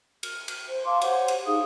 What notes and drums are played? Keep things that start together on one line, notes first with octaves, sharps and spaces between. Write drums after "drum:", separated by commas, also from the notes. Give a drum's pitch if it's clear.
F6, drum: cymbal
drum: cymbal
C5
F5 A5 C6 D6
G4 C5 C#5 F#5, drum: cymbal
drum: cymbal
D#4 G#4 F5 D#6